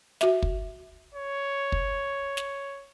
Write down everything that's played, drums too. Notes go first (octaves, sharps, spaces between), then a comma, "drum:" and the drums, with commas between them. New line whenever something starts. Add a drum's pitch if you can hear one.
F#4 E5, drum: snare
drum: kick
C#5
drum: kick
drum: snare